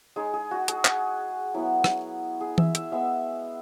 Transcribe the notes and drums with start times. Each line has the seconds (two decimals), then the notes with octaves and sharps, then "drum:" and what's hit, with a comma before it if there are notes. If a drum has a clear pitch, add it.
0.16 G#3 D#4 G#4
0.34 G#4
0.51 F#4
0.68 G#4, drum: hi-hat
0.85 drum: clap
1.54 F#3 B3 E4
1.84 drum: rim click
2.41 G#4
2.58 E5, drum: tom E3
2.75 E5, drum: hi-hat
2.92 G#3 B3 E5